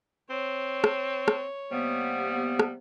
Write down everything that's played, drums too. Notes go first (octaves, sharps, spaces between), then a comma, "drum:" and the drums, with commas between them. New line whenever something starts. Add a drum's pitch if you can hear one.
C4 C#5
drum: rim click
drum: rim click
C3 G3 A#3 B3
drum: rim click